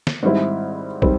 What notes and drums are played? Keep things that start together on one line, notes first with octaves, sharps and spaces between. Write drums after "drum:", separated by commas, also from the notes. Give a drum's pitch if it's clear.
drum: snare
G#2 D#3 G3 C4 E4
D#3 G3 C4, drum: kick